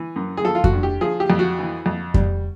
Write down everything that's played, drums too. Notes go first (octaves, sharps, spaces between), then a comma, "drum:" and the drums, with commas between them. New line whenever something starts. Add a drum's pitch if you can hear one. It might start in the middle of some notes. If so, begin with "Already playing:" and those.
Already playing: E3
F#2
G#4
F3 A4
F4
F#4, drum: kick F2
G2
G4
F3 G#4
G4
F2
F#4
E3
F2
G3, drum: kick F2